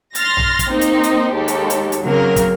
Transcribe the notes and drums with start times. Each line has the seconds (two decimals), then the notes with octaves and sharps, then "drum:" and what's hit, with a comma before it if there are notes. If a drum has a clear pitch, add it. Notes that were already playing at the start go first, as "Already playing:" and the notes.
0.15 C6 F6 A6 A#6, drum: hi-hat
0.37 drum: tom A#1
0.59 drum: kick, hi-hat
0.71 A#3 C4 D#4
0.81 drum: hi-hat
1.03 drum: hi-hat
1.33 D#2 G#3 G4 A4
1.48 drum: hi-hat
1.70 drum: hi-hat
1.92 drum: hi-hat
2.03 C#3 F#3 A#3 C4 A#4
2.36 drum: kick, hi-hat